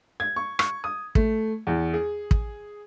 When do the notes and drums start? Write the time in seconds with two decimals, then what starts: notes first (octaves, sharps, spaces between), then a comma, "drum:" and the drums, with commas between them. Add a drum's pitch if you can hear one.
0.20 G#6
0.36 C#6
0.59 C#6, drum: rim click
0.84 D#6
1.15 A3, drum: kick
1.67 E2
1.94 G#4
2.31 drum: kick